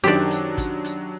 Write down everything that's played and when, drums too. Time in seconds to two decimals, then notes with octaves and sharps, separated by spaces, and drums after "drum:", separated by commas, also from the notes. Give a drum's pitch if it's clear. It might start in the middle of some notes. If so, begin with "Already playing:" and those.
0.04 F#2 D#3 F#3 D4 G4 C5 D5
0.31 drum: hi-hat
0.58 drum: kick, hi-hat
0.85 drum: hi-hat